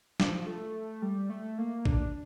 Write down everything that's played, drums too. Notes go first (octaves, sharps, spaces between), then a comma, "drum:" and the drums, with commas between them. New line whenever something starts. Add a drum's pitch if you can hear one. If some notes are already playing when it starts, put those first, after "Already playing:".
F3, drum: snare
A3
G3
A3
A#3
D4, drum: kick A1